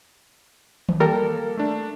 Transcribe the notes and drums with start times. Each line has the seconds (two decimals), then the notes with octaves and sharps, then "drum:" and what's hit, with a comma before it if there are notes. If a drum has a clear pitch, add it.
0.89 drum: tom D#3
1.00 G3 A#3 A4 A#4
1.57 A3 D4